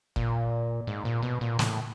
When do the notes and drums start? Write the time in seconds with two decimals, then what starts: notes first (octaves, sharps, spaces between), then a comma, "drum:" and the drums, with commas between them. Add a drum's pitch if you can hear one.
0.16 A#2, drum: kick
0.87 G#2
1.05 A#2
1.22 B2
1.41 A#2
1.59 A2, drum: snare